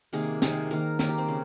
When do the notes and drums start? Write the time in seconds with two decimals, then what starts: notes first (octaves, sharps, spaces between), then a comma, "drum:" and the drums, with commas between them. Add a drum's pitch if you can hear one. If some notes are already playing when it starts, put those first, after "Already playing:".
0.13 C3 D#3 A#3 G#4
0.42 C3 D#3 A#3 G#4, drum: snare
0.71 D#3 A#3 A#4
0.99 D#3 A#3 A#4, drum: snare
1.09 G4
1.18 C4
1.28 C#3